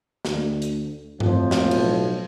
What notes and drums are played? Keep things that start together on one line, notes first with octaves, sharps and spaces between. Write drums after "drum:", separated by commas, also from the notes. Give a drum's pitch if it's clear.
D2, drum: snare
drum: hi-hat
F2 A2 F3, drum: tom G2
drum: snare
B1, drum: cymbal